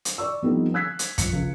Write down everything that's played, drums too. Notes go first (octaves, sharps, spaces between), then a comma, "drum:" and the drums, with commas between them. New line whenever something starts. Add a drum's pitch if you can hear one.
drum: hi-hat
D5 C#6 E6
F3 G3 A3 B3 C4 D#4
E6 F#6 G#6 B6 C7
drum: hi-hat
F3 C#7, drum: kick, hi-hat
C#2